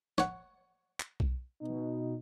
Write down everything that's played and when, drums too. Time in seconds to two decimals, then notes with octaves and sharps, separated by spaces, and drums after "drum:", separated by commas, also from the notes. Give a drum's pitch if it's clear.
0.18 C#5 F#5, drum: snare
1.00 drum: clap
1.20 drum: kick B1
1.61 B2 D#4